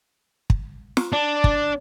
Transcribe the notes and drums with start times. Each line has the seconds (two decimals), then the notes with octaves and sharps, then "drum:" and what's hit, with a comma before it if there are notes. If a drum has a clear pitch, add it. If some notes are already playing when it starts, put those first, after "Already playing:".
0.50 drum: kick
0.97 drum: snare
1.13 D4
1.44 drum: kick